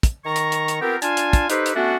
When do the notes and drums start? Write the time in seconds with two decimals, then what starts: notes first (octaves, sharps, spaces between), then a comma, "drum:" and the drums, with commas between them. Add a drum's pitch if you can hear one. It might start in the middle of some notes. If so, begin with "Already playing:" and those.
0.03 drum: kick, hi-hat
0.25 D#3 A#5 C#6
0.36 drum: hi-hat
0.52 drum: hi-hat
0.68 drum: hi-hat
0.81 B3 C4 F4 G4 A#4
1.02 D4 F4 F5 G#5 A5, drum: hi-hat
1.17 drum: hi-hat
1.33 drum: kick, hi-hat
1.50 D#4 G4 A4 B4 C5, drum: hi-hat
1.66 drum: hi-hat
1.75 A3 B3 C#4 D4 F#4